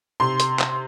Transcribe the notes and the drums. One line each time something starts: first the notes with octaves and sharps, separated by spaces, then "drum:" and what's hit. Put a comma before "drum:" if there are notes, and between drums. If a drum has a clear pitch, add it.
C3 C6
drum: hi-hat
drum: clap